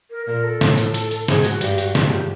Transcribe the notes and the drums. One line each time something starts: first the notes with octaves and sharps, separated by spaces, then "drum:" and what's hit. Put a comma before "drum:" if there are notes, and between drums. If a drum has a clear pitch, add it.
A#4
A#2 A#4
A4
A2, drum: snare
drum: hi-hat
drum: hi-hat
drum: hi-hat
G#2 G#4, drum: snare
F#4, drum: hi-hat
G2 G4, drum: hi-hat
F#4, drum: hi-hat
G#2 G4, drum: snare
G4